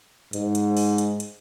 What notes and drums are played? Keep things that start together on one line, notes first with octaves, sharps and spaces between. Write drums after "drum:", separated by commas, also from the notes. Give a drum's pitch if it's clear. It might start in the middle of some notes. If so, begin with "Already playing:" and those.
G#2, drum: hi-hat
drum: hi-hat
drum: open hi-hat
drum: hi-hat
drum: hi-hat